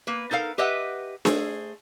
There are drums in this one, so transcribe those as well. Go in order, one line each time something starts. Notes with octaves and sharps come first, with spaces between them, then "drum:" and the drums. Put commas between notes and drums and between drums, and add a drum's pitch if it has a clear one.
A#3 B4
D#4 A4 A#4 F5
G4 B4 D#5 E5 F#5 G5
A3 G#4 C5, drum: snare D4